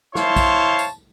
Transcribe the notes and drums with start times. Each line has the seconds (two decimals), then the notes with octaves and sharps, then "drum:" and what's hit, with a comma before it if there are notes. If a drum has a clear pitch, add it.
0.15 E4 C5 C#5 F5 A5 C6, drum: snare
0.36 drum: kick A#1, tambourine
0.79 drum: tambourine